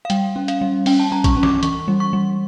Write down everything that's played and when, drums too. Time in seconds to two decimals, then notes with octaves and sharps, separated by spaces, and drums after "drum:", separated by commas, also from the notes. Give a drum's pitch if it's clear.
0.05 F5
0.10 G3 G5, drum: hi-hat
0.36 C#4
0.48 F5, drum: hi-hat
0.61 G3
0.86 C#4 G5, drum: open hi-hat
1.00 A5
1.12 C#4 A#5
1.24 C#6, drum: kick, hi-hat
1.37 C#4
1.43 D6, drum: snare
1.63 E3 C#6, drum: hi-hat
1.88 G3
2.00 C#6
2.13 G3